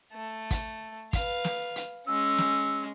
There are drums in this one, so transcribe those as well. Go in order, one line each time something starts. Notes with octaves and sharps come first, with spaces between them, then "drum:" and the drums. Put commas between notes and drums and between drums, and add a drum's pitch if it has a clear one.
A3
drum: kick, hi-hat
B4 F5, drum: kick, hi-hat
drum: snare
drum: hi-hat
G#3 C#4 E6
drum: snare